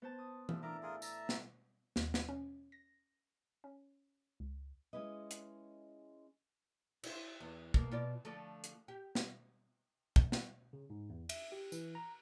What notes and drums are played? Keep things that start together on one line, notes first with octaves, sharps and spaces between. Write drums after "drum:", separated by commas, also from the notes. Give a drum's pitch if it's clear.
B3 C5 A5
D#6
A2 E4 F4, drum: tom E3
D4 E4 A#4 D5 A#5
F4 G#4 A#4
E5 A5 A#5, drum: tambourine
drum: snare
D#2, drum: snare
drum: snare
C#4
A#6
C#4
C#2
G#3 C#4 E4 B4 D#5
drum: hi-hat
E4 C5, drum: cymbal
E2
B2 A#3, drum: kick
B2 F4 D5
D3 F3 A3
drum: hi-hat
G4
drum: snare
drum: kick
drum: snare
C#3
G#2
E2
E5, drum: cymbal
G4
E3, drum: tambourine
A#5